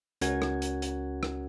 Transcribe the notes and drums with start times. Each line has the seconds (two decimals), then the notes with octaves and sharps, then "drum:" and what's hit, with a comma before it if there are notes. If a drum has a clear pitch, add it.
0.21 C#2 C#4 F#4 A#4 F#5 G#6, drum: hi-hat
0.42 drum: rim click
0.62 drum: hi-hat
0.82 drum: hi-hat
1.23 drum: rim click